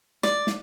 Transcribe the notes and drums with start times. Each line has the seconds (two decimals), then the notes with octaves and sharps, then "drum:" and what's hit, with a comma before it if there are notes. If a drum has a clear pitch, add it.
0.23 D5, drum: snare
0.47 drum: snare